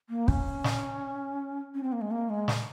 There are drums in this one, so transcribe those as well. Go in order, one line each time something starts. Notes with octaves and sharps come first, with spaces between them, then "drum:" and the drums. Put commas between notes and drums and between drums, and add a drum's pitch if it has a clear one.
A#3
C#4, drum: kick
drum: snare
C#4
C4
A#3
G#3
A#3
G#3
drum: snare